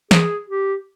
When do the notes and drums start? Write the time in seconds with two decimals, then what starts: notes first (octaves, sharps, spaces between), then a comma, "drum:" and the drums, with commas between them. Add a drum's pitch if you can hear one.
0.11 G#4, drum: snare
0.48 G4